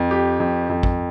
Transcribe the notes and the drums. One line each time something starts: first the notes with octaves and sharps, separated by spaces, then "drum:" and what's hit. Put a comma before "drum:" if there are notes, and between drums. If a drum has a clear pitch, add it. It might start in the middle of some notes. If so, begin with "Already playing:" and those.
Already playing: F2
G4
F2
F2
drum: kick